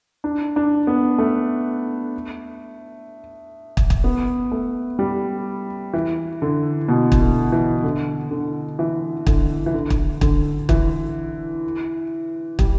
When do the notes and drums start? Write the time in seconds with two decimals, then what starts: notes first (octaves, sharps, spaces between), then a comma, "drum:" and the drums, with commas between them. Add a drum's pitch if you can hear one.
0.24 D4
0.56 D4
0.87 B3
1.18 A3
3.77 drum: kick
3.90 drum: kick
4.04 B3
4.52 A3
4.99 G3
5.94 E3
6.42 D3
6.88 B2
7.12 drum: kick
7.21 D3
7.52 E3
7.84 D3
8.31 D3
8.79 E3
9.27 D3, drum: kick
9.66 E3
9.74 D3
9.90 drum: kick
10.21 D3, drum: kick
10.69 E3, drum: kick
12.59 G3, drum: kick